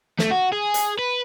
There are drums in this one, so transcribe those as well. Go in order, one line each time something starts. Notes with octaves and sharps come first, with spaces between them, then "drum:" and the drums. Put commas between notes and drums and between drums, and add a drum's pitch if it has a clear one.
A3, drum: snare
F#4
G#4
drum: hi-hat
B4